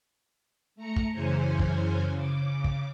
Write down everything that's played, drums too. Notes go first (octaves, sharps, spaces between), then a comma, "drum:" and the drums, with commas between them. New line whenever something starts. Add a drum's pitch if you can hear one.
A3 A#5 C#7
drum: kick
F#2 C#3 E3 C#4 C5 G#5
drum: kick
C#3 D6
drum: kick